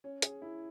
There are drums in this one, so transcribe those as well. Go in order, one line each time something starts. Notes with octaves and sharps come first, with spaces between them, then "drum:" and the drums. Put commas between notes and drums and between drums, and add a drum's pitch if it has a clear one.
C#4
G#4, drum: hi-hat
E4